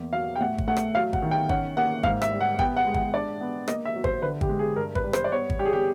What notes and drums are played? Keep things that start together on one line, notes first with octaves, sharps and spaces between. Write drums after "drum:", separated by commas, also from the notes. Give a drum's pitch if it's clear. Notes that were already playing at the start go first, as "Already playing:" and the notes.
Already playing: E2 A#3
F#3 F5
G5
A2 F#5
drum: kick G#1
A3 F#5
drum: rim click
F#3 F5
F#5, drum: kick G#1
D#3
G5
C#4 F#5, drum: kick G#1
A#3 F#5
G#2 F5, drum: kick G#1
E5, drum: rim click
G3
F#5
B3 G5, drum: kick G#1
F#5
G#3
F#5, drum: kick G#1
D4 D5
B3
A#3 D#5, drum: rim click
E5
F#3
C5, drum: kick G#1
D3 B4
G4, drum: kick G#1
G#3
G#4
G2 A#4
B4, drum: kick G#1
G3
C5, drum: rim click
D5
B3 C#5
drum: kick G#1
G3 G4
G#4
G4